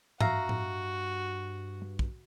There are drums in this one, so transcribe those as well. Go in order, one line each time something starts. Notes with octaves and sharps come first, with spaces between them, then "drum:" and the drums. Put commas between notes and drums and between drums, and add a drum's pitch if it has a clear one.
G2 F#4 E5 F5 A#5, drum: tom G#2
drum: tom A2
drum: kick